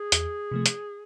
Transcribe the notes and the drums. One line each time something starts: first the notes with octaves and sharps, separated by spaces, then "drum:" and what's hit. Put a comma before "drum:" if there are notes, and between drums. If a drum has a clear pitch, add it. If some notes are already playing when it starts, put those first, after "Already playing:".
Already playing: G#4
E2, drum: hi-hat
C3 F3 A3
drum: hi-hat